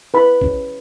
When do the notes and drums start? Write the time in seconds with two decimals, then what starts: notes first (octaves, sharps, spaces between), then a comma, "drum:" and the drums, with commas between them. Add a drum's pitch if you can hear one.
0.14 B4 B5
0.41 C#4, drum: kick